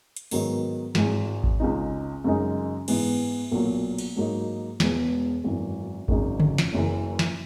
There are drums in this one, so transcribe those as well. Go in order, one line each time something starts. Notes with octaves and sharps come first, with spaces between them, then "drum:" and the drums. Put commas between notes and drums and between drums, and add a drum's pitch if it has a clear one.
drum: hi-hat
G#2 D#3 F#3 B3 D#4, drum: open hi-hat
G#1 G#2 E3 G#3, drum: snare
drum: kick G#1
C#2 C#3 G#3 D#4
F#2 C#3 G#3 D#4
G#2 E3 B3, drum: cymbal
B1 A#2 F#3 A#3
drum: cymbal
G#2 F#3 A#3 D#4
E1 E2 B2 G#3 B3, drum: snare
G#1 F#2 E3
G#1 F#2 C#3 G#3 D#4, drum: kick G#1
drum: tom C#3
drum: snare
F#1 F#2 E3
drum: snare